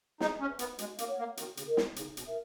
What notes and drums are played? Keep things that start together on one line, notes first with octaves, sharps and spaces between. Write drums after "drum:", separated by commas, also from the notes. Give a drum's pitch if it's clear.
D#4 G#4, drum: snare
C#4
B4 E5
B3, drum: hi-hat
G#3 F#4, drum: hi-hat
A#3, drum: hi-hat
C#5 F#5
A#3
D#3 F#4, drum: hi-hat
C#3, drum: hi-hat
A#4 D#5
B2, drum: snare
C#3 D#4, drum: hi-hat
B2, drum: hi-hat
A#4 E5